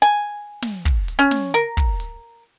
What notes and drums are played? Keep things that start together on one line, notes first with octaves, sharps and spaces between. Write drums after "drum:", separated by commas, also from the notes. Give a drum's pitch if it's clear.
G#5
drum: snare
drum: kick
drum: hi-hat
C#4
drum: snare
A#4, drum: hi-hat
drum: kick
drum: hi-hat